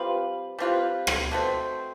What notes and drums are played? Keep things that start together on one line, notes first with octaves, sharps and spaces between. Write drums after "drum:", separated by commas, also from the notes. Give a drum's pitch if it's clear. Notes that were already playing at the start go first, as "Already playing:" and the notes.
Already playing: G3 C4 F4 B4
G3 C4 F4 B4
drum: rim click
B2 A3 C4